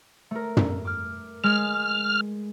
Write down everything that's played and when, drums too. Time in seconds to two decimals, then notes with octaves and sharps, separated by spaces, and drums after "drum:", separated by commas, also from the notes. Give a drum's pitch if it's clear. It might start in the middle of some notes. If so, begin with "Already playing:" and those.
0.31 A3 A#4
0.57 drum: tom
0.85 D6 F6
1.44 G#3 F6